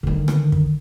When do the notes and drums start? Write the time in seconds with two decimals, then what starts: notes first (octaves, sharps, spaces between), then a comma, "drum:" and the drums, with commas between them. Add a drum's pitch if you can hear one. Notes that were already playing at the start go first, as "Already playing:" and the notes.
0.03 D3 D#3
0.28 drum: rim click
0.52 drum: kick